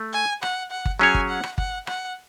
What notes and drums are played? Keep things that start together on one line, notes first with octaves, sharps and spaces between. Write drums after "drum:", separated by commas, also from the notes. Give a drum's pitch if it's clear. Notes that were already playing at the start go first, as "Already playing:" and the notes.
Already playing: A3
G#5
F#5, drum: rim click
F#5
drum: kick G1
F#3 C#4 G#4 C#5 G#5
drum: kick G1
F#5
drum: rim click
F#5, drum: kick G1
F#5, drum: rim click